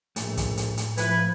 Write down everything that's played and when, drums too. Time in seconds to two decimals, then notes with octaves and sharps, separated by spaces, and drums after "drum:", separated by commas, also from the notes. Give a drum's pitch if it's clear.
0.16 A#1 A2 A3, drum: hi-hat
0.37 drum: kick, hi-hat
0.57 drum: hi-hat
0.77 drum: hi-hat
0.97 F3 E4 B4 G#6, drum: hi-hat